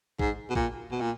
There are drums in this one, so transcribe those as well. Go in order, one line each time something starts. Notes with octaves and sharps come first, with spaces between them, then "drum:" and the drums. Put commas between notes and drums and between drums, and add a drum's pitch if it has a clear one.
G#2, drum: kick A1
B2
A#2, drum: kick A1
B2
A#2